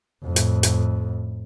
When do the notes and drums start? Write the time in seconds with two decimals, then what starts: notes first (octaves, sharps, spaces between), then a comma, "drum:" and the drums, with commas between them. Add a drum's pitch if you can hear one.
0.24 F2 A2
0.36 drum: hi-hat
0.63 drum: hi-hat